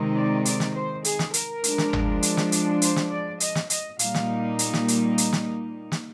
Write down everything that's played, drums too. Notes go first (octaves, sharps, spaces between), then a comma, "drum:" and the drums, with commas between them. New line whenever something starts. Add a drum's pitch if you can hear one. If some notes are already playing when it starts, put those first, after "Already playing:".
Already playing: C3 D#3 G#3 C4 D#4
D5
D5, drum: hi-hat
drum: snare
C5
G#4, drum: hi-hat
drum: snare
A#4, drum: hi-hat
F3 G#3 D4, drum: hi-hat
drum: snare
drum: tom G1
drum: hi-hat
drum: snare
drum: hi-hat
C5, drum: hi-hat
drum: snare
D5
D#5, drum: hi-hat
drum: snare
D#5, drum: hi-hat
A#2 G3 A#3 D#4 F5, drum: hi-hat
drum: snare
drum: hi-hat
drum: snare
drum: hi-hat
drum: hi-hat
drum: snare
drum: snare